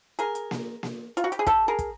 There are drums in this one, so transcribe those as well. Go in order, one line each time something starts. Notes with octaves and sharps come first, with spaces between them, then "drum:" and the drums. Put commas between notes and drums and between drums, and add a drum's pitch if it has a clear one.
G#4 A#4, drum: hi-hat
drum: hi-hat
drum: snare A#3
drum: snare A#3
F4, drum: hi-hat
F#4
G4, drum: hi-hat
G#4
G4 A4, drum: kick, hi-hat
G#4 A#4
drum: kick, hi-hat